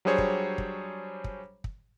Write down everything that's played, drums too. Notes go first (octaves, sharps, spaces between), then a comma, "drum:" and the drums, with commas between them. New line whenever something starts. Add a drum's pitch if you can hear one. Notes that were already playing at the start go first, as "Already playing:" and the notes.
F#3 G3 D4 G#4 C5 C#5
drum: kick
drum: kick
drum: kick
drum: kick